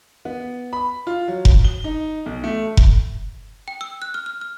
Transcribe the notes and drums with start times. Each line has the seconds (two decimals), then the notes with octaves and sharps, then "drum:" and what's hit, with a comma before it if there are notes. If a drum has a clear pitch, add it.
0.25 B3
0.73 B5
1.07 F4
1.28 F#3
1.45 drum: kick F1
1.65 G7
1.84 D#4
2.26 B1
2.44 A3
2.77 drum: kick F1
3.68 G5
3.81 E6
4.02 F#6
4.14 F6
4.26 F6
4.41 F6